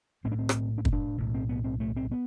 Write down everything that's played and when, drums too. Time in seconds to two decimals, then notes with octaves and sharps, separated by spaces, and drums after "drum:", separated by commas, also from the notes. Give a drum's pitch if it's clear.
0.24 B1 A2 C4
0.32 D4
0.39 C4
0.49 drum: rim click
0.78 D4
0.85 C4, drum: kick
0.93 D4
1.18 B1 A2
1.34 C4
1.49 B3
1.64 C4
1.80 A3
1.96 C4
2.12 B3